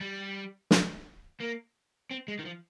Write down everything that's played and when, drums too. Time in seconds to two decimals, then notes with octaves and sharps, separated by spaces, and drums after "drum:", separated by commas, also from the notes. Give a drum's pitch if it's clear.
0.01 G3
0.71 drum: snare
1.41 A#3
2.11 C4
2.28 G#3
2.39 D#3
2.45 F3